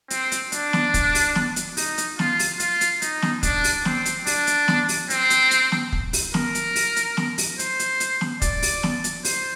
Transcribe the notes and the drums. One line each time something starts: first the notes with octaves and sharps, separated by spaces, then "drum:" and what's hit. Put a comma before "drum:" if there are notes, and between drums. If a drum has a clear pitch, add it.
C4, drum: hi-hat
drum: hi-hat
D4, drum: hi-hat
drum: snare
drum: kick, hi-hat
drum: open hi-hat
drum: snare
drum: hi-hat
D#4, drum: open hi-hat
drum: hi-hat
F4, drum: snare
drum: open hi-hat
F4, drum: hi-hat
drum: hi-hat
D#4, drum: hi-hat
drum: snare
D4, drum: kick, hi-hat
drum: open hi-hat
C4, drum: snare
drum: hi-hat
D4, drum: open hi-hat
drum: hi-hat
drum: snare
drum: open hi-hat
C4, drum: hi-hat
drum: hi-hat
drum: hi-hat
drum: snare
drum: kick
drum: open hi-hat
A#4, drum: snare
drum: hi-hat
drum: open hi-hat
drum: hi-hat
drum: snare
drum: open hi-hat
C5, drum: hi-hat
drum: hi-hat
drum: hi-hat
drum: snare
D5, drum: kick, hi-hat
drum: open hi-hat
drum: snare
drum: hi-hat
C5, drum: open hi-hat